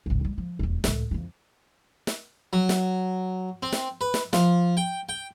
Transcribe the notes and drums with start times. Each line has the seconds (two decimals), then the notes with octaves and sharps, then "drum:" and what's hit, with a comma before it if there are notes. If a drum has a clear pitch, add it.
0.06 G#1 C#2
0.21 A#1 G3
0.38 F3
0.59 D#1 E2
0.84 C#2 A2, drum: snare
1.11 F2 E3
2.07 drum: snare
2.53 F#3
2.69 drum: snare
3.63 C4
3.72 drum: snare
4.01 B4
4.14 drum: snare
4.33 F3, drum: snare
4.77 G5
5.09 G5